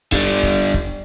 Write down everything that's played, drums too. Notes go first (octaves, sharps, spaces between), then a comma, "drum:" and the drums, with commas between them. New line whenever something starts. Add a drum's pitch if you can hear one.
D3 G3, drum: kick
drum: kick
drum: kick